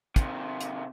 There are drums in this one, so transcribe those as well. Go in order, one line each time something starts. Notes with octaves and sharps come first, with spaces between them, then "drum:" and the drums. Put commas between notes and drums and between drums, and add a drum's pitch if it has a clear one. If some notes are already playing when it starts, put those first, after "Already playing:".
C3 D#3, drum: kick, hi-hat
drum: hi-hat